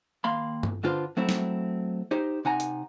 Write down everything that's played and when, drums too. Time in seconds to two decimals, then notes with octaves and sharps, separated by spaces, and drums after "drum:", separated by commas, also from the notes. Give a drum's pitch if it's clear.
0.24 D#2 A#3 F5 B5 C6
0.63 drum: tom G2
0.84 D3 D4 F4 B4 C5
1.17 F#3 A3 C4 E4
1.29 drum: snare
2.11 D#4 G4 C5
2.45 C3 D#4 F#5 G#5 A#5
2.60 drum: hi-hat